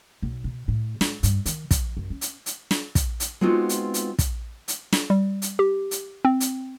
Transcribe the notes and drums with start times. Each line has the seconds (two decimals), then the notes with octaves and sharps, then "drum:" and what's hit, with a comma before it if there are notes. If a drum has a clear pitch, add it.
0.22 B1
0.44 B2
0.68 A2
1.01 G#3, drum: snare
1.23 G2, drum: hi-hat
1.46 D#3, drum: hi-hat
1.71 F3, drum: kick, hi-hat
1.97 F#2
2.10 C#4
2.21 drum: hi-hat
2.46 drum: hi-hat
2.71 drum: snare
2.95 drum: kick, hi-hat
3.20 drum: hi-hat
3.41 G#3 B3 C4 D#4 F4 F#4
3.69 drum: hi-hat
3.94 drum: hi-hat
4.19 drum: kick, hi-hat
4.68 drum: hi-hat
4.93 drum: snare
5.10 G3
5.42 drum: hi-hat
5.59 G4
5.91 drum: hi-hat
6.25 C4
6.40 drum: hi-hat